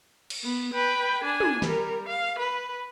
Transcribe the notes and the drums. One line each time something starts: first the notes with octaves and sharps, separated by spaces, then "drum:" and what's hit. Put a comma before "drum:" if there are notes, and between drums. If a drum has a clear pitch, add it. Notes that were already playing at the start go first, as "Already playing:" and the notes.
drum: cymbal
B3
B4 G5
D4 G#5
drum: tom
G3 A#4, drum: snare
F5
B4